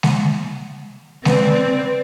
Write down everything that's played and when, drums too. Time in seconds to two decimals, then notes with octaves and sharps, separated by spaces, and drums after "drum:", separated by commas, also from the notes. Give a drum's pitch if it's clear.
0.03 drum: snare G#3
1.25 C4 B4 D5, drum: snare G#3